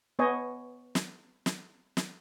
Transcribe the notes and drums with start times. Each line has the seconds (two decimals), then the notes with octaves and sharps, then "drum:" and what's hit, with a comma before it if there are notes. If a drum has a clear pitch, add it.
0.19 B3 C#5 D#5 G#5
0.95 drum: snare
1.46 drum: snare
1.97 drum: snare